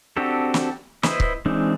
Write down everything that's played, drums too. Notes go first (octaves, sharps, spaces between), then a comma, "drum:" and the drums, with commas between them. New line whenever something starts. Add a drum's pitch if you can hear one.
C4 D4 F#4 G4 A4
drum: snare
E4 B4 C5 D#5, drum: snare
drum: kick C#1
E3 G#3 C4 D4 D#4